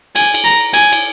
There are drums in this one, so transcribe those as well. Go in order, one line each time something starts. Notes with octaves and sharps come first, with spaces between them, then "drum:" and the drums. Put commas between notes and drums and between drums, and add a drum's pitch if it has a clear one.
G#5, drum: cymbal
drum: cymbal
A#5
G#5, drum: cymbal
drum: cymbal